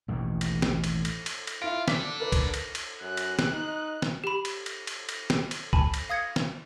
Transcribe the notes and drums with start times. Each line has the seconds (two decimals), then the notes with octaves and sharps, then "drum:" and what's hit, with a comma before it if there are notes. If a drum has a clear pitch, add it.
0.08 A1 D#2 B2
0.41 drum: cymbal
0.62 drum: snare
0.84 drum: cymbal
1.05 drum: cymbal
1.26 drum: cymbal
1.47 drum: cymbal
1.62 E4 F4 D7
1.88 D4 A4 B6, drum: snare
2.20 A#4 B4
2.32 drum: kick B1, cymbal
2.54 drum: cymbal
2.75 drum: cymbal
3.01 F#2 F#6
3.17 drum: cymbal
3.39 drum: snare
3.53 D#4
4.02 drum: snare
4.24 G4 B5
4.45 drum: cymbal
4.66 drum: cymbal
4.87 drum: cymbal
5.09 drum: cymbal
5.30 drum: snare
5.51 drum: cymbal
5.73 G#5 A5 B5, drum: kick B1
5.94 drum: cymbal
6.10 F5 D#6 G#6 A#6 C#7
6.36 drum: snare